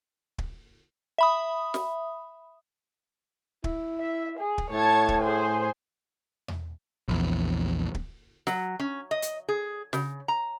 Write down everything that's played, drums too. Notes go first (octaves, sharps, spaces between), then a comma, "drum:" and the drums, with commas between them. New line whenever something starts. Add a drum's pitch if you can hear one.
drum: kick
E5 B5 D#6
drum: snare
E4, drum: kick
E5
G#4
drum: kick
A2 C#5 A5 G#6
drum: kick
G#4 C5 G#5
drum: tom E2
A#1 E2
drum: kick
F#3, drum: snare
C#4
D#5
drum: hi-hat
G#4
C#3, drum: snare
A#5